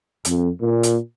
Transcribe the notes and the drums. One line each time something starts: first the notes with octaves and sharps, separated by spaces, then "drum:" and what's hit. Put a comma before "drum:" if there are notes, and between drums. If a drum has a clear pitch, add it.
F2, drum: hi-hat
A#2
drum: hi-hat